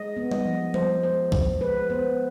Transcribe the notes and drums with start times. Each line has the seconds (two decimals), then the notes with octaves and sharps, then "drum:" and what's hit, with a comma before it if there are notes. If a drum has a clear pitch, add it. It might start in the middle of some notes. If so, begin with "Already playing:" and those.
Already playing: G#3 D#5
0.17 B3
0.32 D#5, drum: tom G3
0.45 F3
0.74 F3 C5, drum: tom G3
1.03 G#3 C5
1.32 D4, drum: kick
1.61 G#3 B4
1.90 B3 C5